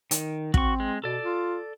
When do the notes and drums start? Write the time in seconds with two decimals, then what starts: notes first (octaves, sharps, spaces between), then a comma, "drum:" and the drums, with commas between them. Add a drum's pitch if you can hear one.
0.11 D#3, drum: hi-hat
0.54 C4 F#4 C#6, drum: kick
0.80 G#3
1.04 B2 A4 D5
1.23 F4